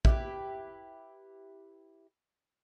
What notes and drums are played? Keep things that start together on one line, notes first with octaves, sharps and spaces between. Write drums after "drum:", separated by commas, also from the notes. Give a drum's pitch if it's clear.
E4 G4 B4, drum: kick A#1